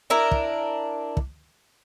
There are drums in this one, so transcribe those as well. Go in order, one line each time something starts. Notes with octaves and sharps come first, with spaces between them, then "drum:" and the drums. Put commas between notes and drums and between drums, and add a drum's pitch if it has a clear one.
D4 E4 A#4
drum: kick
drum: kick